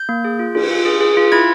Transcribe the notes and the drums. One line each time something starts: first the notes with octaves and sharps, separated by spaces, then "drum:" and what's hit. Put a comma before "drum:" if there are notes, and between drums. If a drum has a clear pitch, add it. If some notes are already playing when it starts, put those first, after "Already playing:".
Already playing: G6
A#3
G#4
F4
F4, drum: cymbal
F4
G#4
G#4
F4
E4 G#6